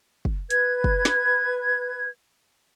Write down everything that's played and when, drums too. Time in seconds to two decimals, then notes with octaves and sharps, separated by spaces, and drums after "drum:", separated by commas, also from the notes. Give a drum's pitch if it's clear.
0.25 drum: kick
0.50 B4 G#6, drum: hi-hat
0.84 drum: kick
1.05 drum: snare